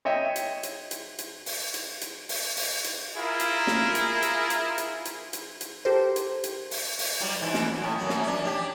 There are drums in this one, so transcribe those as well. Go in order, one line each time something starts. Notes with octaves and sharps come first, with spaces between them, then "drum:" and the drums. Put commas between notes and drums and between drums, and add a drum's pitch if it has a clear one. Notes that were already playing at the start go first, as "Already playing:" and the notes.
C#5 D#5 E5 G5
drum: hi-hat
drum: hi-hat
drum: hi-hat
drum: hi-hat
drum: open hi-hat
drum: hi-hat
drum: hi-hat
drum: open hi-hat
drum: open hi-hat
drum: hi-hat
E4 F4 G#4 A#4
drum: hi-hat
drum: snare
drum: hi-hat
drum: hi-hat
drum: hi-hat
drum: hi-hat
drum: hi-hat
drum: hi-hat
drum: hi-hat
G4 A4 A#4 C5
drum: hi-hat
drum: hi-hat
drum: open hi-hat
drum: open hi-hat
F#3 G3
G#2 E3
drum: snare
A2 C#4
F#2 F#3
drum: snare
C#4 D4
D4 D#4 G4